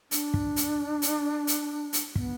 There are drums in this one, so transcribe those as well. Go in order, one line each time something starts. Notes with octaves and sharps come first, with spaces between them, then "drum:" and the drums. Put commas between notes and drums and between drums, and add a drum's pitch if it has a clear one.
D4, drum: hi-hat
drum: kick
drum: hi-hat
drum: hi-hat
drum: hi-hat
drum: hi-hat
B3, drum: kick